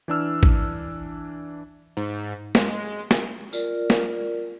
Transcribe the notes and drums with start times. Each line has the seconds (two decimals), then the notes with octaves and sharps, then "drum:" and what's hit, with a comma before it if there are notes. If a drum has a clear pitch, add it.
0.08 E3 D4 E6 F6
0.43 drum: kick A1
1.97 G#2
2.55 G#3, drum: snare
3.11 drum: snare
3.53 F4 A#4 D5, drum: tambourine
3.90 drum: snare